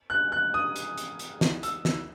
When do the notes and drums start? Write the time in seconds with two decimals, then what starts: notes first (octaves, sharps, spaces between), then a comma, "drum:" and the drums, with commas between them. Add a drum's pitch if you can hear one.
0.10 F#6
0.32 F#6
0.54 D#6
0.76 drum: hi-hat
0.98 drum: hi-hat
1.19 drum: hi-hat
1.41 drum: snare
1.63 E6, drum: hi-hat
1.85 drum: snare